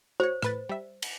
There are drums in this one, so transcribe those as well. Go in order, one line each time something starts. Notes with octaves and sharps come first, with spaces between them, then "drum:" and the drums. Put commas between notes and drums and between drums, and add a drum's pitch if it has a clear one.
F#4 C5 C#5
A2 B4 A6, drum: rim click
G3 E5
drum: cymbal